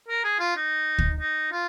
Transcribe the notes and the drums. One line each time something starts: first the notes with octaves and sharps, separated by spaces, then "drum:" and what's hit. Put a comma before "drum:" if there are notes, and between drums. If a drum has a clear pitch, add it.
A#4
G#4
F4
D#4
drum: kick
D#4
F4